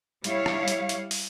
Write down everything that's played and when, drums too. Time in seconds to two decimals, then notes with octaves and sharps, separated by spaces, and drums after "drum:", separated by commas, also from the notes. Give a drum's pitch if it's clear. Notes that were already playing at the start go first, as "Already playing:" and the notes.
0.24 G3 E4 C#5 F5, drum: hi-hat
0.46 drum: rim click
0.68 drum: hi-hat
0.89 drum: hi-hat
1.11 drum: open hi-hat